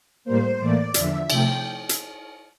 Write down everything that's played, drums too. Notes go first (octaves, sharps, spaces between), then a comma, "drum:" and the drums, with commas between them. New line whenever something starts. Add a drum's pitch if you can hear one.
A2 G3 A#3 C5
A2 E3 A#3 D5
E2 D3 F3 E5, drum: hi-hat
C3 F3 A3 G5, drum: cymbal
drum: hi-hat